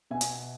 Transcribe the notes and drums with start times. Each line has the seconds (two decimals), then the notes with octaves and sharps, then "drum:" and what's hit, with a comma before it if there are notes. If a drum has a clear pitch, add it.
0.11 B2 E5 G#5
0.21 drum: hi-hat